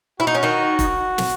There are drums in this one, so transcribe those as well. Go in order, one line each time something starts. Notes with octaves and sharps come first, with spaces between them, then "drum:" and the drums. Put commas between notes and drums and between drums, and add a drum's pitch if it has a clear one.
E4 F#4
D#4
C#4
D#3 D#4
drum: kick E1, hi-hat
drum: snare